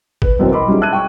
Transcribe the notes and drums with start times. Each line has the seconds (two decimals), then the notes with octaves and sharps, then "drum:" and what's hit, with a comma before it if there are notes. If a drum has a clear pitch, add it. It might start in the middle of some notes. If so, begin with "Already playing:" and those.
0.22 B4, drum: kick
0.39 F#2 B2 E3 C4
0.52 D#5 B5 C6 D6
0.68 F#3 G3 C#4 D#4 E4 G#4
0.80 E5 A5 F#6 G#6 D#7
0.93 G5 C#6